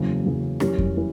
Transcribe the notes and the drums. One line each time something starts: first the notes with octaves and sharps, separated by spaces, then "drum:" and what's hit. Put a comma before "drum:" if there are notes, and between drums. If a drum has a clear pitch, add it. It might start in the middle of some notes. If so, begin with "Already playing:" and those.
Already playing: F#1 E2 C#3 F#3
F#1 E2 C#3 F#3
F#2 E3 G3 C#4 G4, drum: rim click
drum: kick F2
E3